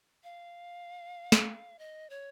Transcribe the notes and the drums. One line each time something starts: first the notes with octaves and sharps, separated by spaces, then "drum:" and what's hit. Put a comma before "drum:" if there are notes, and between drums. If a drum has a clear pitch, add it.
F5
drum: snare
D#5
C#5